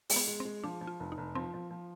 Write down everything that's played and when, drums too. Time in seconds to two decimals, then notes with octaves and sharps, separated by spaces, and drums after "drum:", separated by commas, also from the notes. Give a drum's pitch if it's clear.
0.09 G#3, drum: open hi-hat
0.16 B3
0.27 G#3
0.40 G#3 C4
0.64 F3 D4
0.81 F3
0.87 F4
1.00 F1
1.12 D#4
1.18 F1
1.35 F3 C4
1.54 F3
1.70 F3